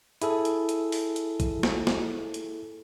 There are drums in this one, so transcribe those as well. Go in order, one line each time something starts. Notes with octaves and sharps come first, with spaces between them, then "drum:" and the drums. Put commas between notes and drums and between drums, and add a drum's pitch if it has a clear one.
E4 G#4 A4, drum: hi-hat
drum: hi-hat
drum: hi-hat
drum: open hi-hat
drum: hi-hat
drum: kick, hi-hat
drum: snare
drum: snare
drum: hi-hat